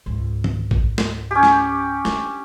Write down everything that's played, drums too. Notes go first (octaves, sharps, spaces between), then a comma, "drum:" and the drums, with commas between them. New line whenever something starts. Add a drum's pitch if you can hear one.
C#2 G#2
drum: tom
drum: kick A1
drum: snare
C#4 G4
drum: snare
D4 D#4, drum: snare